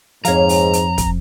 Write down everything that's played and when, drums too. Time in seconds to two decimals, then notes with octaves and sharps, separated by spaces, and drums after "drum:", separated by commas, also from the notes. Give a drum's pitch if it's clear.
0.25 F2 G#2 F3 C#5 F5 A#5, drum: hi-hat
0.49 drum: open hi-hat
0.73 drum: hi-hat
0.98 drum: kick, hi-hat